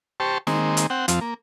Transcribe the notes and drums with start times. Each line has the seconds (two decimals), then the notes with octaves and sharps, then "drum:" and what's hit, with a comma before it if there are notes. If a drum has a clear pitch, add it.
0.20 G4 C5 A5 C#6
0.47 D#3 G#3 A#3 C4, drum: snare
0.77 drum: hi-hat
0.90 C4 F#5 G5
1.08 F2 F3 C4, drum: hi-hat
1.21 A#3